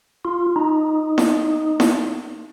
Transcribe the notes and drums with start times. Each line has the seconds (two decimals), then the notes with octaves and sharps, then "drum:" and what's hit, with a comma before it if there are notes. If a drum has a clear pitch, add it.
0.25 F4
0.56 D#4
1.18 drum: snare E4
1.80 drum: snare E4